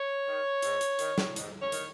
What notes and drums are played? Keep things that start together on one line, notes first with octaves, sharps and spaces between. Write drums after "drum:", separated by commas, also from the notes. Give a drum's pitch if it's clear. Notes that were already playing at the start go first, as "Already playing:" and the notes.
Already playing: C#5
D#3
G#2, drum: hi-hat
drum: hi-hat
D#3, drum: hi-hat
drum: snare
G#2, drum: hi-hat
C#5
D#3, drum: hi-hat